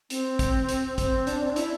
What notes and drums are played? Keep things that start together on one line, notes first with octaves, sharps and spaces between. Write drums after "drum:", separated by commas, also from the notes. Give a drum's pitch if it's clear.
C4, drum: hi-hat
drum: kick, hi-hat
drum: hi-hat
C4, drum: kick, hi-hat
D4, drum: hi-hat
C4
D4
E4, drum: hi-hat